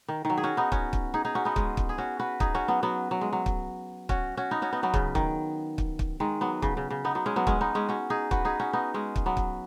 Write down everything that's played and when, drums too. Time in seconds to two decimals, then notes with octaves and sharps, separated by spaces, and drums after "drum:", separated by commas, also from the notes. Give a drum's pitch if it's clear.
0.08 D#3
0.25 D#3 F#3
0.38 G#4
0.43 C#4 F#4
0.57 B3 D#4
0.72 C#4 F#4, drum: kick
0.93 drum: kick
1.14 D#4 G#4
1.25 D#4 G#4
1.35 C#4 F#4
1.45 B3 D#4
1.56 G#3 C#4, drum: kick
1.77 drum: kick
1.89 G#4
1.98 C#4 F#4
2.20 F#4 B4
2.40 D#4 G#4, drum: kick
2.55 C#4 F#4
2.68 F#3 B3
2.83 F#3 B3
3.11 F#3
3.21 G#3
3.33 F#3
3.46 drum: kick
4.09 C#4 F#4, drum: kick
4.37 C#4 F#4
4.51 B3 D#4
4.62 C#4 F#4
4.73 B3 D#4
4.83 F#3 B3
4.94 C#3, drum: kick
5.15 D#3, drum: kick
5.78 drum: kick
5.99 drum: kick
6.20 D#3 G#3
6.41 F#3 B3
6.62 C#3, drum: kick
6.77 C#3
6.90 C#3
7.05 B3 D#4
7.15 F#3 B3
7.26 G#3 C#4
7.36 F#3 B3
7.47 G#3 C#4, drum: kick
7.61 B3 D#4
7.75 G#3 C#4
7.89 C#4 F#4
8.10 D#4 G#4
8.31 F#4 B4, drum: kick
8.45 D#4 G#4
8.60 C#4 F#4
8.73 B3 D#4
8.94 G#3 C#4
9.16 drum: kick
9.26 F#3 B3
9.37 drum: kick